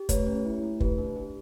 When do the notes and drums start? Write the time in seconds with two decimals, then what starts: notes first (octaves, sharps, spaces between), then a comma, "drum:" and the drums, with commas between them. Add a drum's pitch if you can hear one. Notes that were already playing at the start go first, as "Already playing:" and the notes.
Already playing: G4
0.09 A3 B4 C#5, drum: kick, hi-hat
0.27 C#4
0.45 E4
0.62 A3
0.80 G4 B4, drum: kick
0.98 D4
1.16 G4